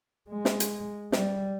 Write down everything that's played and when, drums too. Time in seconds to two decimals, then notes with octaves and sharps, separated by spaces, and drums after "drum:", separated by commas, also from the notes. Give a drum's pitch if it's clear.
0.30 G#3
0.45 drum: snare
0.60 drum: hi-hat
1.12 G3, drum: snare